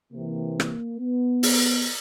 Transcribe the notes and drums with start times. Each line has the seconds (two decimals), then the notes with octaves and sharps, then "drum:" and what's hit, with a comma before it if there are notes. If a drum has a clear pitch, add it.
0.13 C3 E3 A#3
0.60 drum: rim click
0.99 B3
1.43 drum: open hi-hat